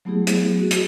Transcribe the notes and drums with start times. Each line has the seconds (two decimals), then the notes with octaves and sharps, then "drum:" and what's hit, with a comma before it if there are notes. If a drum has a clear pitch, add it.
0.05 F#3 A3 B3 E4 G4 G#4
0.27 drum: hi-hat
0.57 F#4 G#4
0.71 drum: hi-hat